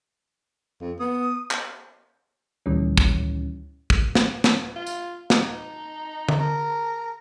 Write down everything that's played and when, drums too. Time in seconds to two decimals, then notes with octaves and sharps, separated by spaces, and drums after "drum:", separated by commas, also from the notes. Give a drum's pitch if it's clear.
0.81 F2
1.00 B3 D#6
1.51 drum: clap
2.66 D2 A#2 D#3 E3 G3 C#4
2.97 drum: kick
3.90 drum: kick
4.15 drum: snare
4.44 drum: snare
4.76 F4
4.86 drum: tambourine
5.30 D#4, drum: snare
6.29 drum: tom D3
6.40 A#4